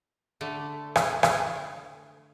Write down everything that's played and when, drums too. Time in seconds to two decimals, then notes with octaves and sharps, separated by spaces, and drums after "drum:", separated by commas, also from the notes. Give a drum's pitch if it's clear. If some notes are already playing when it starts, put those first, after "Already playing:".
0.41 D3 A3
0.96 drum: rim click
1.23 drum: rim click